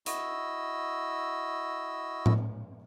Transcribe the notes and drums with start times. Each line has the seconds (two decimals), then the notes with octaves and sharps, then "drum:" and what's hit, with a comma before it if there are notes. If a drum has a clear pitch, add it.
0.06 E4 F#4 D#5 E6, drum: hi-hat
2.26 drum: tom A2